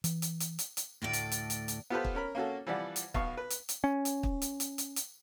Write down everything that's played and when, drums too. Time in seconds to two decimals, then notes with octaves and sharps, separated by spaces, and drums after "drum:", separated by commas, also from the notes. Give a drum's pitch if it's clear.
0.04 E3, drum: hi-hat
0.22 drum: hi-hat
0.40 drum: hi-hat
0.59 drum: hi-hat
0.77 drum: hi-hat
1.02 D2 A2 A4 D5
1.13 drum: hi-hat
1.32 drum: hi-hat
1.50 drum: hi-hat
1.68 drum: hi-hat
1.90 B3 F4 G4 A4 B4 C5
2.04 drum: kick
2.15 C#4 A#4 B5
2.35 A#3 C#4 F#4 A4
2.67 E3 F3 G3 D5 F#5
2.96 drum: hi-hat
3.14 B1 B3 F5 C#6, drum: kick
3.37 B4
3.50 drum: hi-hat
3.69 drum: hi-hat
3.84 C#4
4.05 drum: hi-hat
4.23 drum: kick
4.42 drum: hi-hat
4.60 drum: hi-hat
4.78 drum: hi-hat
4.96 drum: hi-hat